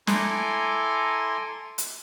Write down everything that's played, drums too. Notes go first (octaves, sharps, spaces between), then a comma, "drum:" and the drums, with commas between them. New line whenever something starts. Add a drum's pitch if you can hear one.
E4 A4 G#5 A#5 C6 D6, drum: snare
drum: hi-hat